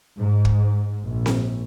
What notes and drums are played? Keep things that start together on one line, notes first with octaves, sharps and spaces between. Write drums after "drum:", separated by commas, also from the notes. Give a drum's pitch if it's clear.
G#2
drum: kick
A#1
drum: snare C4